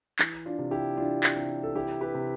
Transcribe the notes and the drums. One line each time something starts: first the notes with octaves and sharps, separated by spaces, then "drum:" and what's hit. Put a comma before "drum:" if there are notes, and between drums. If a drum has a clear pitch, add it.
E3, drum: clap
D4 F4
C3
E4 G4
E3 D4 F4
drum: clap
C3
A4
E3 E4 G4
G4 B4
C3